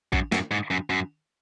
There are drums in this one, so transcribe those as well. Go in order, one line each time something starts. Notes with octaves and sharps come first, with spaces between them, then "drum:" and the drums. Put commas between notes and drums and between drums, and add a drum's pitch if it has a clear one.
F#2, drum: kick A1
F#2, drum: snare
G#2
F#2
F#2